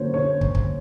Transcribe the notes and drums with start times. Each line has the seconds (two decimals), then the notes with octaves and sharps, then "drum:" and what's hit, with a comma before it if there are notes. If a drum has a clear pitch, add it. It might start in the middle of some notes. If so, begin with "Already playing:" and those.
Already playing: D3 F#3 A#3 C#4 C5 C#5
0.14 D3 C#5
0.41 drum: kick
0.55 drum: kick